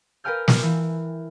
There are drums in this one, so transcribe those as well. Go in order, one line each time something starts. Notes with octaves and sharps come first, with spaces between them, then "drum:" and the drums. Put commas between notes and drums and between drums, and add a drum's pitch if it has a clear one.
A#4 B4 G5 G#5 F6 G6
drum: snare
E3